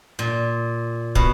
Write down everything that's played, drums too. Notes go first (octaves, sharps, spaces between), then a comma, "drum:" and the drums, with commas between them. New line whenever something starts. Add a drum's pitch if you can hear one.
A#2
B2, drum: kick